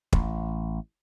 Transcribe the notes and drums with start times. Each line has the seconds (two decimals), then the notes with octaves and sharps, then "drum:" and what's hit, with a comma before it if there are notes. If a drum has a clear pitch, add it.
0.13 A1, drum: kick